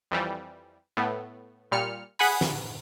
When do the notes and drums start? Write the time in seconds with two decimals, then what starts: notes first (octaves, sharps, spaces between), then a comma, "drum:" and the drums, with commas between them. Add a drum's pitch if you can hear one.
0.11 F2 E3 G3
0.97 A2 A3 B3
1.72 A#2 G3 F6 C#7
2.19 G#4 F#5 G#5 B5, drum: open hi-hat
2.41 drum: snare